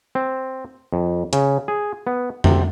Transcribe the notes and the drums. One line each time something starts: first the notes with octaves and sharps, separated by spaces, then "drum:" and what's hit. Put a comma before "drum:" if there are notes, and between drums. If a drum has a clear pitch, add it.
C4
F2
C#3, drum: hi-hat
G#4
B3
C3, drum: tom F2